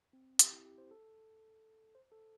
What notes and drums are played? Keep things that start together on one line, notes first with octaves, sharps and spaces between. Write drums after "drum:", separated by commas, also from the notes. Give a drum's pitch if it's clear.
C4
G4, drum: hi-hat
E4
G4
C5
A4
C5
A4